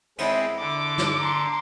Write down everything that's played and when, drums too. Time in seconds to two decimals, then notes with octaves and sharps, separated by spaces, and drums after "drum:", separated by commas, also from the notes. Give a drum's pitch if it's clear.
0.18 E2 G#3 C4 E4 D5, drum: cymbal
0.59 D3 D6
0.98 drum: snare
1.20 A#5 C6